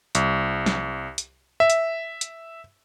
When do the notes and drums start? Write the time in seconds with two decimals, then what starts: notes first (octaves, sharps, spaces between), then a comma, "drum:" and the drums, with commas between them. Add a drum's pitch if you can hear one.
0.15 C2, drum: hi-hat
0.66 drum: snare
1.18 drum: hi-hat
1.60 E5
1.70 drum: hi-hat
2.21 drum: hi-hat